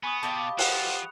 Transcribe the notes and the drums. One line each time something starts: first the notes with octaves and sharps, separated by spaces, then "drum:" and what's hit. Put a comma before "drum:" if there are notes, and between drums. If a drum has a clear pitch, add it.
B3 G#5 B5 C#6 D#6
B2 G4 D#5 F5 A5
F3 F#5 F#6 C#7 F7, drum: open hi-hat